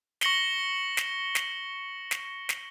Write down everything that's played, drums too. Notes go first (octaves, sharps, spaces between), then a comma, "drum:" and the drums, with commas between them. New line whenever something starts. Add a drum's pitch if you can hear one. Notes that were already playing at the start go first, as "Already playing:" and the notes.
C#6 A#6 C#7 F#7 G7, drum: snare
drum: snare
drum: snare
drum: snare
drum: snare